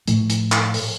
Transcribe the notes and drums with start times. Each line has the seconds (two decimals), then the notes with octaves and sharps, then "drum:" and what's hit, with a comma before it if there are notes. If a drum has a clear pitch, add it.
0.08 A2 F3 A3, drum: hi-hat
0.30 drum: hi-hat
0.52 drum: clap
0.74 drum: open hi-hat